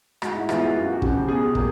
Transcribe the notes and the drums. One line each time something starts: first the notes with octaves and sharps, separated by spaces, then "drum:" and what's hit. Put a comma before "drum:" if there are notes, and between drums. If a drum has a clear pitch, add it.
G#2 F#4, drum: rim click
E4
E3 G#3 B3 F4, drum: rim click
F4
F#2 F#4
G4
F#4
C#3 F3 G4, drum: kick
B2 G#4
G4
F#3 A#3, drum: kick